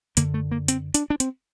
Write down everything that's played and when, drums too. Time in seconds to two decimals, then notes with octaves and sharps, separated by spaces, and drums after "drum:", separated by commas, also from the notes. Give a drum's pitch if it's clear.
0.17 F#2 D3 A#3, drum: hi-hat
0.34 A3
0.51 A#3
0.68 C4, drum: hi-hat
0.94 D4, drum: hi-hat
1.10 D4
1.20 C4, drum: hi-hat